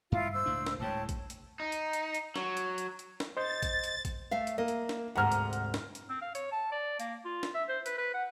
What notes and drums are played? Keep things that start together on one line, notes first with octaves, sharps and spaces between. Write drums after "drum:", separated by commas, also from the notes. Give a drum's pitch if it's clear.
G2 E4 F4 F5
C5 E6
C#2 A2 D4
drum: snare
D1 A2 G#3 C#5 G5 A5
drum: kick, hi-hat
drum: hi-hat
D#4
drum: hi-hat
drum: hi-hat
drum: hi-hat
F#3, drum: snare
drum: hi-hat
drum: hi-hat
drum: hi-hat
drum: snare
C5 D#5 G6 A6
drum: kick, hi-hat
drum: hi-hat
drum: kick, hi-hat
A3 E5 F5
drum: hi-hat
A#3 D#5
drum: hi-hat
drum: snare
D2 G#2 C3 F#5 A#5 F6
drum: hi-hat
drum: hi-hat
drum: snare
drum: hi-hat
C4
F5
C#5, drum: hi-hat
A5
D5
A#3, drum: hi-hat
F4
drum: snare
E5
C5
B4, drum: hi-hat
B4
F#5